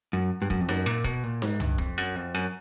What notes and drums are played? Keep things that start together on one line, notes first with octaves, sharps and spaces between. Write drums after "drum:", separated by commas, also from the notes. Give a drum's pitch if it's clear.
F#2
G2
F#2, drum: kick
F2
F#2, drum: snare D#4
A#2
B2, drum: kick
A#2
G#2, drum: snare D#4
G2, drum: tom
F2, drum: kick
F#2
F2
F#2